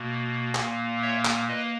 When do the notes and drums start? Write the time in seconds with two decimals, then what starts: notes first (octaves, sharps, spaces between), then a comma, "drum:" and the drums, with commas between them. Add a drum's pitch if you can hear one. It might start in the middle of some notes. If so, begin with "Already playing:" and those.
Already playing: B2 A#3
0.55 A#2 A#3, drum: clap
1.02 C#5 E5
1.25 drum: clap
1.48 A#3 B4 D#5